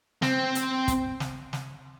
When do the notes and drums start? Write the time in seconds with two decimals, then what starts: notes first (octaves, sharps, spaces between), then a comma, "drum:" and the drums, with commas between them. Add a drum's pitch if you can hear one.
0.22 C4, drum: snare
0.55 drum: hi-hat
0.88 drum: kick, hi-hat
1.20 drum: snare
1.53 drum: snare